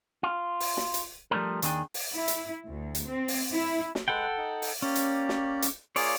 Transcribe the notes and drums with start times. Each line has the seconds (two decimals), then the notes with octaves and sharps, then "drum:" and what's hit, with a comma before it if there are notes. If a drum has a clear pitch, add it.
0.23 F4
0.60 drum: open hi-hat
0.77 drum: snare
0.94 drum: hi-hat
1.31 F3 G3 A3 C#4 D4 A#4
1.62 D#2 D#3 D4 E4 G#4 G5, drum: hi-hat
1.94 drum: open hi-hat
2.14 E4
2.28 drum: hi-hat
2.68 D2
2.95 drum: hi-hat
3.08 C4
3.28 drum: open hi-hat
3.53 E4
3.95 drum: snare
4.08 G#3 A4 B4 F#5 G5
4.37 D#4
4.62 drum: open hi-hat
4.82 A#3 C#4 G4 D5
4.95 drum: hi-hat
5.29 drum: snare
5.62 drum: hi-hat
5.96 A#3 F4 G#4 C#5 D5, drum: open hi-hat